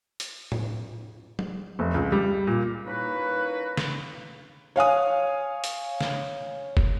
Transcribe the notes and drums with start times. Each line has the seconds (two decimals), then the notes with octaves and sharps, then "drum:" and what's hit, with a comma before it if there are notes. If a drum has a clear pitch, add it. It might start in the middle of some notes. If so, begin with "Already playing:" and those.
0.20 drum: hi-hat
0.52 drum: tom A2
1.39 drum: tom F#3
1.79 F1
1.94 C#2
2.12 G3
2.47 A#2
2.86 A#3 C#4 D#4 E4 F#4 B4
3.77 drum: snare
4.76 C#5 F5 G#5 D#6
5.64 drum: hi-hat
6.01 drum: snare
6.77 drum: kick